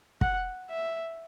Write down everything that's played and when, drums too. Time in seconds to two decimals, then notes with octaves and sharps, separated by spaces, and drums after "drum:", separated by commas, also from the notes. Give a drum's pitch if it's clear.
0.21 F#5, drum: kick
0.70 E5